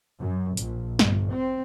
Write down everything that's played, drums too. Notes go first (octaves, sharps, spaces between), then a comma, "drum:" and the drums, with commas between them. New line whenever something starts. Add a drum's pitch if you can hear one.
F#2
A#1, drum: hi-hat
G1, drum: snare
C4